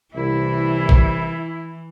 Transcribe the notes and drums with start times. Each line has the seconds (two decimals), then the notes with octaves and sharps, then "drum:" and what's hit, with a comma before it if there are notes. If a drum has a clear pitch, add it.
0.15 C2 E3 E4
0.89 drum: kick A1